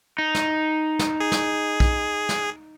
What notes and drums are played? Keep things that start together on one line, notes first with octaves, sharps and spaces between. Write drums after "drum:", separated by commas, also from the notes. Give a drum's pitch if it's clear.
D#4
drum: snare
drum: snare
G#4
drum: snare
drum: kick
drum: snare